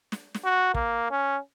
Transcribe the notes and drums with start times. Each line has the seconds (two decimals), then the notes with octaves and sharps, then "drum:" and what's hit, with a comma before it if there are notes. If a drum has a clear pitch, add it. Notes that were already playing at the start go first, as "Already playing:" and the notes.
0.12 drum: snare
0.35 drum: snare
0.45 F#4
0.74 A#3, drum: kick
1.11 C#4